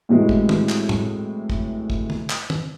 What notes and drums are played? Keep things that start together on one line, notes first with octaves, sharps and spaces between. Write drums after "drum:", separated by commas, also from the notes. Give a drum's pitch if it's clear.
A2 C3 E3 F#3 G#3
drum: kick
drum: tom
drum: clap
drum: tom
drum: kick
drum: kick
drum: tom
drum: clap
drum: tom